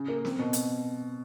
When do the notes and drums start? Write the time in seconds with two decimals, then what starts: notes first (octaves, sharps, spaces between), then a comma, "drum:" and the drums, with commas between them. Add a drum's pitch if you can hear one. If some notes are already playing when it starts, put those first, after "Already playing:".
Already playing: C#3
0.08 A#3
0.25 C4, drum: snare
0.39 B2
0.53 drum: hi-hat